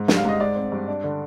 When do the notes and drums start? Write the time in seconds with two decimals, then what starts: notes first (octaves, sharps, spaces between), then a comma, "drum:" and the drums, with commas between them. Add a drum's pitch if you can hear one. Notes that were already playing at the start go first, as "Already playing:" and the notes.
Already playing: G#2
0.08 G3, drum: snare
0.16 F5
0.25 G#2 D#5
0.40 G#3 D5
0.56 C4
0.72 G2
0.88 D4
1.04 D3